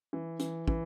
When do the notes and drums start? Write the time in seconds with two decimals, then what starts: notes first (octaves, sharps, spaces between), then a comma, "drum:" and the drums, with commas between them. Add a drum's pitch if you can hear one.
0.13 E3
0.40 E3, drum: hi-hat
0.68 E3, drum: kick